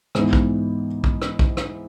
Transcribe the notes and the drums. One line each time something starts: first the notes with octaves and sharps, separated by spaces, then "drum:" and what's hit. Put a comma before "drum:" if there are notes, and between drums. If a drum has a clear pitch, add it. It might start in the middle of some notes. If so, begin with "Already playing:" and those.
G#2 E3 B3, drum: rim click
drum: kick
drum: kick
drum: rim click
drum: kick
drum: rim click